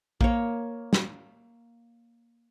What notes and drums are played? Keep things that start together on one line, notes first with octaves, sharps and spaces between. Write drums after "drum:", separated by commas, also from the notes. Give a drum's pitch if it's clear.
A#3 C#5, drum: kick
drum: snare